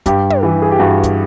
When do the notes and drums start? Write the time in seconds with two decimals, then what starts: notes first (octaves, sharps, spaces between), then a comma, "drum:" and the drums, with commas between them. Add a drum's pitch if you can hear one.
0.06 G2 G4, drum: kick, hi-hat
0.30 drum: tom
0.43 E3
0.62 G#4
0.71 G4
0.79 G2 F#4
1.03 drum: kick, hi-hat